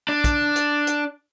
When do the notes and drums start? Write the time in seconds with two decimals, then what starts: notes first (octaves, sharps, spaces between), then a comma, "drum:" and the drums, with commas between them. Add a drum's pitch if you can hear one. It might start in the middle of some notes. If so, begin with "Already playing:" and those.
0.09 D4
0.24 drum: kick, hi-hat
0.56 drum: hi-hat
0.87 drum: hi-hat